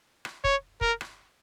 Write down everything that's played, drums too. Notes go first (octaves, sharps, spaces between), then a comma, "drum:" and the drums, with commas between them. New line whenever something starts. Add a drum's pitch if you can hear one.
drum: rim click
C#5, drum: kick
A#4, drum: kick
drum: rim click